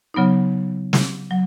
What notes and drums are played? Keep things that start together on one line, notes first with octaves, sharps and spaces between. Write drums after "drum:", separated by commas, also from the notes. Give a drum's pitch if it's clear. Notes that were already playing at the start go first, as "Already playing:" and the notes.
C#3 F#3 B3 D#4
drum: snare
F#3